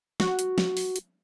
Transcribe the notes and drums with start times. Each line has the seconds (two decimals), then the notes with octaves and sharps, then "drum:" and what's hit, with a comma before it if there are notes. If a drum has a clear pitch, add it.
0.20 F#4, drum: snare
0.39 drum: hi-hat
0.58 drum: snare
0.77 drum: open hi-hat
0.96 drum: hi-hat